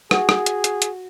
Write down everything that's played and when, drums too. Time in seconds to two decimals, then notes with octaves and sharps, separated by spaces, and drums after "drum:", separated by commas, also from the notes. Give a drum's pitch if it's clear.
0.11 F#4 G#4, drum: rim click
0.29 drum: rim click
0.46 drum: hi-hat
0.64 drum: hi-hat
0.82 drum: hi-hat